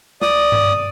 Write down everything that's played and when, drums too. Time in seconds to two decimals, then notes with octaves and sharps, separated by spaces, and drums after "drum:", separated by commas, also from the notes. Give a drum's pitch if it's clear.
0.22 D5 D#6, drum: snare
0.52 drum: tom G2